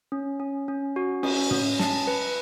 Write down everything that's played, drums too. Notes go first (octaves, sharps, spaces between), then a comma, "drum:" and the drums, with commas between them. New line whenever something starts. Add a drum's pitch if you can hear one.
C#4
C#4
C#4
F#4
C#4, drum: cymbal
C#4, drum: tom
A5, drum: snare
B4